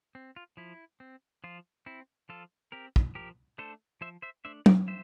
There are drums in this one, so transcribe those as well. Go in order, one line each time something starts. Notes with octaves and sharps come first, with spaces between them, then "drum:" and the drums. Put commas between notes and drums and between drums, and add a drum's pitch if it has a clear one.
C4
F4
F3 E4
C4
F3 F4
C4 E4
F3 F4 A4
C4 G4 A#4
drum: kick
F3 G4 A#4
A3 D4 A4 C5
F3 C5 E5
C5 E5
A3 D4 C5 E5
A#4 D5, drum: tom
F3 C5 E5